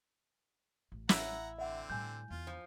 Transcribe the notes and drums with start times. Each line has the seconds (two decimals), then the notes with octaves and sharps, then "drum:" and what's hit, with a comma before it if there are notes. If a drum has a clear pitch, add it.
0.92 A1
1.09 E4 F#5 A#5 E6, drum: snare
1.58 D3 C4 E5 F#5
1.90 A2 G3 G#5 G6
2.30 E2 F4
2.47 F3